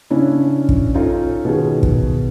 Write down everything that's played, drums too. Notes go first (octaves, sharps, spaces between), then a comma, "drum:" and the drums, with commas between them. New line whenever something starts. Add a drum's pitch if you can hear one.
C#3 C#4 D4 E4
drum: kick
C#4 D#4 F4 A4
B2 D#3 G#4
drum: kick